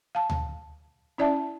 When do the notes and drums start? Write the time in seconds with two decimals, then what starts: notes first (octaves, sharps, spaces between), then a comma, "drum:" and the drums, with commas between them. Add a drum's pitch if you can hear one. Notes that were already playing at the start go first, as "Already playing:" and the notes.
0.15 F5 A5
0.30 drum: tom D2
1.18 C#4 E4 D5 E5 A5